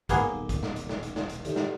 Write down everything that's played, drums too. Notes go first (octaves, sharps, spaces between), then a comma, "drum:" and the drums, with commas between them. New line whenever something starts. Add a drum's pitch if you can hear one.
G#2 F#3 A#3 B3 G#4 A#4 D6 G7, drum: kick, hi-hat
D#1 B1
drum: kick, hi-hat
drum: snare
drum: hi-hat
drum: snare
drum: hi-hat
drum: snare
drum: hi-hat
D#3 E3 G4 A4 D5, drum: hi-hat
drum: snare